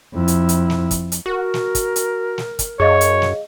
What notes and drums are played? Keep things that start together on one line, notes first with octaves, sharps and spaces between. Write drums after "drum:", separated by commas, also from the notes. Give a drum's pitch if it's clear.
F2 E4
drum: hi-hat
drum: hi-hat
drum: snare
drum: kick, hi-hat
drum: hi-hat
F#4 A#4
drum: snare
drum: kick, hi-hat
drum: hi-hat
drum: snare
drum: kick, hi-hat
F#2 G#4 C#5 D#5 F5
drum: hi-hat
drum: snare